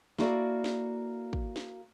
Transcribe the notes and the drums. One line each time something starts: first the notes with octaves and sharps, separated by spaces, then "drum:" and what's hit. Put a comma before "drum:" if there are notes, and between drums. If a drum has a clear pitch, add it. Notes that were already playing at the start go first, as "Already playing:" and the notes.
A#3 E4 F#4 A4 D5, drum: snare
drum: snare
drum: kick
drum: snare